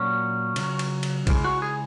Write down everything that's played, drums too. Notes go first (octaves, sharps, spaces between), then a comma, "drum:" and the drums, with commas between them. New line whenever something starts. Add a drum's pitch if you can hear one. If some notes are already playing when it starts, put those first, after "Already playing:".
Already playing: A#2 F#3 C#4
C#3 F#3, drum: cymbal
drum: cymbal
drum: cymbal
C#3 E3 G#3, drum: kick B1, cymbal
F#4
G#4